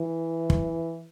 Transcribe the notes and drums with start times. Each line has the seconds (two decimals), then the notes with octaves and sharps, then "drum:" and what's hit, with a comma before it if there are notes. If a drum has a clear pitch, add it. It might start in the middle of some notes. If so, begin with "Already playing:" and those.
Already playing: E3
0.50 drum: kick